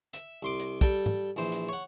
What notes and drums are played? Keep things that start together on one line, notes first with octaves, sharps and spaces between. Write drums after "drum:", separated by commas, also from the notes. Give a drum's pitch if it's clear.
E5, drum: hi-hat
C2 C6 D6
drum: hi-hat
G3 A4 G5, drum: kick, hi-hat
drum: tom G#2
A#1 E3 C5
drum: hi-hat
C#5 F#5